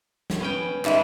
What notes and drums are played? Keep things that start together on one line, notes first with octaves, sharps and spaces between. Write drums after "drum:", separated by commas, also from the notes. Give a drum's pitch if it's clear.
drum: snare
B3 C#4 G5
G#2 G3 G#3 E5, drum: clap